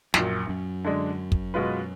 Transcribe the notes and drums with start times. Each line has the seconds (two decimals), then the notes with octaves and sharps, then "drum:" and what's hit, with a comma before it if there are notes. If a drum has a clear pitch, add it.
0.14 A#1 F#2 A#2 F#3, drum: snare
0.49 F#2
0.85 D3 G#3 D4
1.32 drum: kick
1.54 B2 G#3 B3 F4 B4